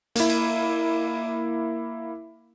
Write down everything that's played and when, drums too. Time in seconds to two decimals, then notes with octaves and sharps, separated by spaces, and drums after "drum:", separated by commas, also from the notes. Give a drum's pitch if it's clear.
0.16 A#3 E4, drum: hi-hat
0.30 drum: cymbal